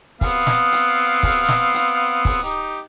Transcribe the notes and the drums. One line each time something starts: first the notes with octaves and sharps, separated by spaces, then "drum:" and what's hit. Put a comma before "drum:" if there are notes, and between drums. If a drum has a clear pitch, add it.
B3 C4 F5, drum: kick, open hi-hat
drum: snare
drum: hi-hat
drum: kick, open hi-hat
drum: snare
drum: hi-hat
drum: kick, open hi-hat
D#4 G4